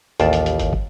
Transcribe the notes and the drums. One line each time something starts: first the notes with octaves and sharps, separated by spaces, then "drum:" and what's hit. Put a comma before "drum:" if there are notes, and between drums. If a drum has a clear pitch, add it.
A1 D#2 F4 D5 A5, drum: hi-hat
drum: hi-hat
drum: hi-hat
drum: kick, hi-hat
drum: kick